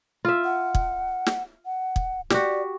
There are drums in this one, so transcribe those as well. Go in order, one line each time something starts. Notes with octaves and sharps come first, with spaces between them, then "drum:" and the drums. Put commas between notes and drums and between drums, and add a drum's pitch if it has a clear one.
F4 E5
F#5
drum: kick
drum: snare
F#5
drum: kick
F#4 G4 D5, drum: snare